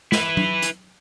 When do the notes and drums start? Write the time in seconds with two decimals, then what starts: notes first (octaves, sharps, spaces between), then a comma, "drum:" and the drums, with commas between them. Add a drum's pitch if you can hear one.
0.12 E4 B4, drum: snare
0.37 drum: tom F#3
0.62 drum: hi-hat